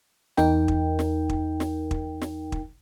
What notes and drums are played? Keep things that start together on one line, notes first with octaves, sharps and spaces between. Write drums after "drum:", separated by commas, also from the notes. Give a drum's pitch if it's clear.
E2 D#4 A#4 G5, drum: snare
drum: kick
drum: snare
drum: kick
drum: snare
drum: kick
drum: snare
drum: kick